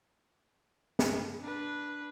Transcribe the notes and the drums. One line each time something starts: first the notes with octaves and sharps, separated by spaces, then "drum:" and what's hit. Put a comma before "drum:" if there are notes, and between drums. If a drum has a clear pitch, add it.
drum: snare
D4 B4